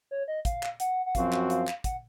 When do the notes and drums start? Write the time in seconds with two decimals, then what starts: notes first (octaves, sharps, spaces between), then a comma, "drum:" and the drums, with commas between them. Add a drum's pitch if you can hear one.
0.11 C#5
0.28 D#5
0.45 F5, drum: kick, hi-hat
0.63 drum: clap
0.80 F#5, drum: hi-hat
1.06 F#5
1.15 F#2 F3 C4 F#4 F5, drum: kick, hi-hat
1.33 drum: clap
1.50 F5, drum: hi-hat
1.67 drum: clap
1.84 F#5, drum: kick, hi-hat